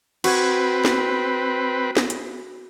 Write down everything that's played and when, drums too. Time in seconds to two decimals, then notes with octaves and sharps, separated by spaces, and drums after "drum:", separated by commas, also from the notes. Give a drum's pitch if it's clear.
0.24 C4 F#4 B4 G#6, drum: cymbal
0.85 drum: snare
1.97 drum: snare
2.10 drum: hi-hat